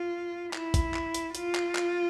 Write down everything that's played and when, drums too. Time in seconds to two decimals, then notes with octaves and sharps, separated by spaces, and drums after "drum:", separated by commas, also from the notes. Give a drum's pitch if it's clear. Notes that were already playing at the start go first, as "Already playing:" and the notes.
Already playing: F4
0.53 E4, drum: clap
0.74 drum: kick, hi-hat
0.94 drum: clap
1.14 drum: hi-hat
1.35 F4, drum: hi-hat
1.55 drum: clap
1.75 drum: clap